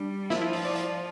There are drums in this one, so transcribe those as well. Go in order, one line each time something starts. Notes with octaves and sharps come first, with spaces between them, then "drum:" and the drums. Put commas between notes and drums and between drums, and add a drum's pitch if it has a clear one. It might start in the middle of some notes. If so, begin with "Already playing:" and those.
Already playing: G3 D4
F3 E4, drum: snare
E4
drum: open hi-hat
D5
drum: hi-hat